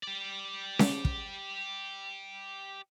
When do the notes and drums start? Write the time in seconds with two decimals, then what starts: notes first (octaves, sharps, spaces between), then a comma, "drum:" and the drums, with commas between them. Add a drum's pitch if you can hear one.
0.03 G4 D5
0.79 drum: snare C#4
1.05 drum: kick